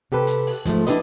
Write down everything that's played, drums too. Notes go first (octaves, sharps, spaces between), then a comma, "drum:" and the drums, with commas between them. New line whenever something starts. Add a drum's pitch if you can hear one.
C3 G4 A4 B4
drum: hi-hat
drum: open hi-hat
G#2 F3 G#3 A3, drum: kick, hi-hat
D4 E4 G4 B4 D#5, drum: hi-hat